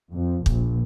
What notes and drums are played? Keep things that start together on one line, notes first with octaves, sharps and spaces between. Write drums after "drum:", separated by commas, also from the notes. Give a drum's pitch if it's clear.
F2
A#1, drum: kick